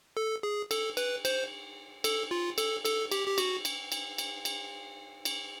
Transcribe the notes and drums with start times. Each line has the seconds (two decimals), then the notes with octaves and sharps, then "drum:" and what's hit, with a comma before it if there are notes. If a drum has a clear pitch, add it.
0.17 A4
0.43 G#4
0.71 A4, drum: cymbal
0.97 B4, drum: cymbal
1.25 C5, drum: cymbal
2.04 A4, drum: cymbal
2.31 F4
2.58 A4, drum: cymbal
2.85 A4, drum: cymbal
3.12 G4, drum: cymbal
3.28 G4
3.38 F#4, drum: cymbal
3.65 drum: cymbal
3.92 drum: cymbal
4.18 drum: cymbal
4.45 drum: cymbal
5.25 drum: cymbal